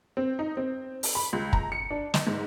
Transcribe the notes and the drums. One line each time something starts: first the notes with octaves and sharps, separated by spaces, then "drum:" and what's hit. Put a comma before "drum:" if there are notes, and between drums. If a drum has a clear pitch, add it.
C4
D#4
C4
drum: open hi-hat
B5
C#2
A#5, drum: kick
C#7
D4
D#5, drum: snare
G#2